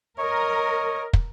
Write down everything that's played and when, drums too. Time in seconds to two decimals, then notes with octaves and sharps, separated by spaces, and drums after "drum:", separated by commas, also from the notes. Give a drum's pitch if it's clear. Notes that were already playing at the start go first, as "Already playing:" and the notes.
0.19 A#4 C#5 D#5
1.13 drum: kick